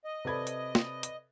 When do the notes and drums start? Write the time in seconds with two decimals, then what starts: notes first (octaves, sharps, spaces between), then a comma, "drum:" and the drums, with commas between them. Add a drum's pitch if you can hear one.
0.04 D#5
0.25 C3 A4 B4 D5 B5 G#6
0.47 drum: hi-hat
0.75 drum: snare
1.03 drum: hi-hat